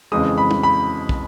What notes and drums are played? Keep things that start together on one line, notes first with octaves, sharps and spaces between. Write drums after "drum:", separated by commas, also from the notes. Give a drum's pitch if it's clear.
F2 C#3 E3 G#3 D#6
B5
drum: tom
B5
drum: kick